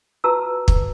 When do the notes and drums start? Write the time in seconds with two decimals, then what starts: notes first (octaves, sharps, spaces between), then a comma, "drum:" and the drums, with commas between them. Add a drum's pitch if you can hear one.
0.24 F4 F#4 B4 A5 A#5 E6
0.68 drum: kick